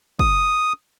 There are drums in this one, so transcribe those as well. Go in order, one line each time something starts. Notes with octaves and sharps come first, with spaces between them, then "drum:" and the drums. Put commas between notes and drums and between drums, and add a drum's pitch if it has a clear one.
D#6, drum: kick